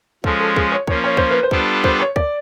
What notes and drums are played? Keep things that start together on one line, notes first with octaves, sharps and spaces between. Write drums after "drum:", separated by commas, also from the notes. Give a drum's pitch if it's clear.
F3 G#3 C#4 A4, drum: kick
A4
G#4, drum: kick
C#5
F3 A#3 C#4 C#5, drum: kick
C#5
C5, drum: kick
B4
C5
G3 B3 D4 F4 A4, drum: kick
C5, drum: kick
C#5
D5, drum: kick